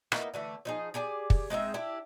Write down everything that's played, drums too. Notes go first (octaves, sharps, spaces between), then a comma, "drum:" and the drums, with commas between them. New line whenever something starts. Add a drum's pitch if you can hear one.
A#3 B3 D#4 E4, drum: rim click
D3 E3 A3
F3 D#4 G#4
G4 G#4 D5 G#5
drum: kick
G#3 C4 D#4 E5
D4 E4 G4